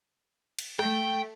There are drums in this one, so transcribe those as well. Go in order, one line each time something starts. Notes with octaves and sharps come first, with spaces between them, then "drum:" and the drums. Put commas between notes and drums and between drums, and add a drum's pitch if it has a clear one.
drum: cymbal
A3 G5, drum: rim click